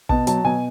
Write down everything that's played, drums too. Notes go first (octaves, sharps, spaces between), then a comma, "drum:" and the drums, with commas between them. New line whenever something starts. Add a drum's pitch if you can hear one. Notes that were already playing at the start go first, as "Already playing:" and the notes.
B2 A5, drum: kick
F#3 A5, drum: hi-hat
B2 G#5